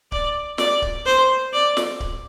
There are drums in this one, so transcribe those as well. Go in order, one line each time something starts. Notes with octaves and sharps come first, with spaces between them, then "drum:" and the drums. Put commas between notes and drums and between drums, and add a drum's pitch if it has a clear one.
D5, drum: kick D1
D5, drum: snare
drum: kick D1
C5
D5
drum: snare
drum: kick D1